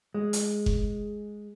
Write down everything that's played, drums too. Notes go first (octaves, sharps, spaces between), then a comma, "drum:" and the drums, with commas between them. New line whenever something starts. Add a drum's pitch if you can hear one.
G#3
drum: hi-hat
drum: kick F#1